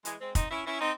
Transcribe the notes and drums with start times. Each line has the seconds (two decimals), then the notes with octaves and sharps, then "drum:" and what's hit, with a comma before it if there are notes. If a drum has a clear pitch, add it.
0.05 E3 G#3, drum: hi-hat
0.20 G#3 C4
0.35 C4 D#4, drum: kick, hi-hat
0.50 C#4 E4
0.66 C#4 E4
0.80 C4 D#4